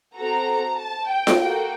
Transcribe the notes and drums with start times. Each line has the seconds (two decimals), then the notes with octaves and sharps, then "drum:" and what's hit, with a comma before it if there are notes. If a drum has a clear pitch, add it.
0.16 C4 F#4 A4 A#5
0.78 A5
1.08 G5
1.27 drum: snare F4
1.39 A#3 F#4 A4 G5